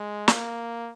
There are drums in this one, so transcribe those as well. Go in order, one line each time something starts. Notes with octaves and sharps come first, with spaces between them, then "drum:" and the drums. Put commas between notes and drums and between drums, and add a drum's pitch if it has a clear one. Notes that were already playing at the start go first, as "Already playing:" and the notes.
Already playing: G#3
A#3, drum: snare